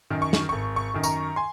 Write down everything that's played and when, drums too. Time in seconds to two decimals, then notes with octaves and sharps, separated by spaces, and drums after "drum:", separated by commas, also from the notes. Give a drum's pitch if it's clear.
0.10 F#2 D#3
0.22 C#6
0.33 drum: snare
0.49 G#1 C#6
0.76 C#6
0.94 F#2 D#3
1.03 A#5 C#6, drum: tambourine
1.36 G#5 C6